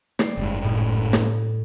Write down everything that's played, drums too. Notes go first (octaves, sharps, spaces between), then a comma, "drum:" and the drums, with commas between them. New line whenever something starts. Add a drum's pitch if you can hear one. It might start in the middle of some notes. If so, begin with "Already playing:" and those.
G3 C7, drum: snare
F#1 G#2
A2
drum: snare